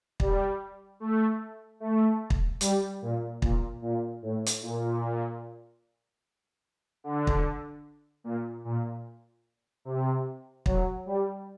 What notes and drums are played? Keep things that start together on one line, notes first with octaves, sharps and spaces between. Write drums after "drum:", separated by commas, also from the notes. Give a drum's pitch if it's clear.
G3, drum: kick
A3
A3
drum: kick
G3, drum: hi-hat
A#2
A#2, drum: kick
A#2
A2
drum: hi-hat
A#2
D3
drum: kick
A#2
A#2
C3
F#3, drum: kick
G3